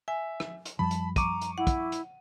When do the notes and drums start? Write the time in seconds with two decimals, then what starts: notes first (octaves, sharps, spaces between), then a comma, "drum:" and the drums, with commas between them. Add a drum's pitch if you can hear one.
0.08 E5 G#5
0.40 drum: rim click
0.65 drum: hi-hat
0.79 F#2 F3 G3 A5 B5
0.91 drum: hi-hat
1.16 A#5 C#6 D6 D#7, drum: kick, hi-hat
1.41 drum: hi-hat
1.58 E4 F#5
1.67 drum: kick, hi-hat
1.92 drum: hi-hat